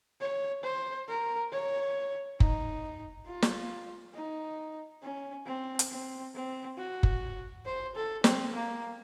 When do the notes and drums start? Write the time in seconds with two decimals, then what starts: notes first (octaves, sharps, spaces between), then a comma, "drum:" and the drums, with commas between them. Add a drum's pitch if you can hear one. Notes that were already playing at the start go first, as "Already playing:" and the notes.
0.21 C#5
0.64 C5
1.08 A#4
1.52 C#5
2.40 D#4, drum: kick F#1
3.27 F4
3.42 drum: snare
4.15 D#4
5.03 C#4
5.46 C4
5.79 drum: hi-hat
5.91 C4
6.35 C4
6.78 F#4
7.03 drum: kick F#1
7.66 C5
7.96 A4
8.24 C4, drum: snare
8.53 A#3